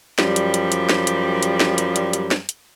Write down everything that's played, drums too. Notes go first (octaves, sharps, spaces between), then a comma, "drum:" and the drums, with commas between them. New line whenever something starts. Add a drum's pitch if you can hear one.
F#2 F3 G3, drum: snare
drum: hi-hat
drum: hi-hat
drum: hi-hat
drum: snare
drum: hi-hat
drum: hi-hat
drum: snare
drum: hi-hat
drum: hi-hat
drum: hi-hat
drum: snare
drum: hi-hat